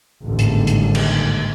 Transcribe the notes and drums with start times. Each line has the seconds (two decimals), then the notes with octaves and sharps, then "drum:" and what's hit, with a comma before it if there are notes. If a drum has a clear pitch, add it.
0.24 A1 D#2 G#2 D3 G3
0.39 drum: hi-hat
0.67 drum: hi-hat
0.95 drum: cymbal